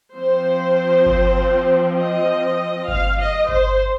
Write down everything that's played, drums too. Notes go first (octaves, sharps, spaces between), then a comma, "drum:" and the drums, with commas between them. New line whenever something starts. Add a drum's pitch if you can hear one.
F3 C4 C5
drum: kick G1
D#5
F5, drum: kick G1
D#5
C5, drum: kick G1